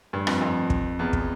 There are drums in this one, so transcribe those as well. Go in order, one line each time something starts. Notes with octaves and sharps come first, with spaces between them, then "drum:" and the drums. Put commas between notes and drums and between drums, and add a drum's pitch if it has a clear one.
G2
F2, drum: rim click
F2
drum: kick
E2
drum: kick